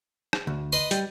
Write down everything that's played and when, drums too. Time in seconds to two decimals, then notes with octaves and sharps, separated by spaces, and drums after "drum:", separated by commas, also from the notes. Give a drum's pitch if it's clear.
0.33 drum: rim click
0.47 D2
0.72 B4 D#5 C6
0.91 G3, drum: hi-hat